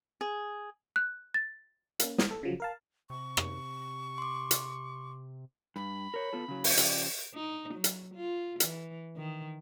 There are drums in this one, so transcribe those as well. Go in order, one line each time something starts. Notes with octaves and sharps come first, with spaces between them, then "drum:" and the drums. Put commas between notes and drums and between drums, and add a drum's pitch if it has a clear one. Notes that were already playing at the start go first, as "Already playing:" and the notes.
G#4
F#6
A6
A#3 C#4, drum: hi-hat
D#6 F6, drum: snare
A4
C#3 F3 F#3
A#4 F5 A5
C3 C#6
drum: rim click
C6 D6
drum: hi-hat
G2 B5
A#4 C#5
B3 F4 A4
C#3 F#3
drum: open hi-hat
C#3 F3 G4 D5, drum: hi-hat
D#4
F#3
drum: hi-hat
F4
E3, drum: hi-hat
D#3